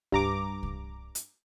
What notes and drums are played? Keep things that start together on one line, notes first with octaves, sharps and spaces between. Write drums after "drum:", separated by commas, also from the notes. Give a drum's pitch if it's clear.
G2 A#5 D6, drum: kick C2
drum: kick C2
drum: hi-hat